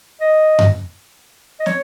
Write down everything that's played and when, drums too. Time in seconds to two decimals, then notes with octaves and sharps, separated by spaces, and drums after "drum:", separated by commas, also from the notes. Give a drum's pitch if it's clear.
0.21 D#5
0.59 drum: tom F#2
1.60 D#5
1.66 C#5, drum: snare